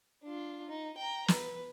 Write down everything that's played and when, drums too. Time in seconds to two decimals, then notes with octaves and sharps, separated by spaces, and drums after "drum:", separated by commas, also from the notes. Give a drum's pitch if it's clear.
0.24 D4 F4
0.68 D#4
0.98 G5 A#5
1.28 B4, drum: snare